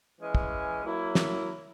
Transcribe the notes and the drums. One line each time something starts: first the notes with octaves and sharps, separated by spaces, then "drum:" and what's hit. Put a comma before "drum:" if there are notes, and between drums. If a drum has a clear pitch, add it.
E3 G#3 C#4
drum: kick
F#3 A#3 E4
drum: snare